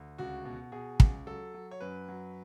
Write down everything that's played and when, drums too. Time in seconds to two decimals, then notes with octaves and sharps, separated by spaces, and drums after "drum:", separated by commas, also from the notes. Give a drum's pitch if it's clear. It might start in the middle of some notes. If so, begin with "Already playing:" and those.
Already playing: D2
0.18 C#2 F#4
0.45 B2
0.72 B2 G#4
1.00 C#2, drum: kick
1.26 F#3 A4
1.54 F#3
1.71 C#5
1.80 F#2 B4
2.08 F#3